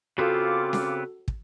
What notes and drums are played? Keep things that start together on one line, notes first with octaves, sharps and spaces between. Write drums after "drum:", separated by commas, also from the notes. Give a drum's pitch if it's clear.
C#3 B3 C4 F4 F#4 A4 D6
drum: snare C#4
drum: kick